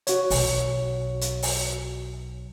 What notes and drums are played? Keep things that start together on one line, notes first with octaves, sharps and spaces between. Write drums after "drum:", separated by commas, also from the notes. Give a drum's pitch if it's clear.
F#4 C#5, drum: hi-hat
B1, drum: open hi-hat
drum: hi-hat
drum: open hi-hat